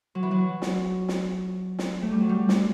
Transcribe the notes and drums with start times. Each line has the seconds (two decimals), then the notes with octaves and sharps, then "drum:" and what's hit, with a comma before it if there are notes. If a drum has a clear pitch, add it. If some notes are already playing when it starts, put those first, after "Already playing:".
0.15 F#3
0.23 E3
0.31 F#3
0.62 drum: snare
1.08 drum: snare
1.79 drum: snare
2.02 A3
2.11 G3
2.20 F#3
2.29 G3
2.49 drum: snare